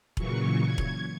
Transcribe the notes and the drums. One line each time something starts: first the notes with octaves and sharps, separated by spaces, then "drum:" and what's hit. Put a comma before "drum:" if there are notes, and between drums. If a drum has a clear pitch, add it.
A#2 C#3 E3 F#3 C#6, drum: kick E1
G#6
drum: kick E1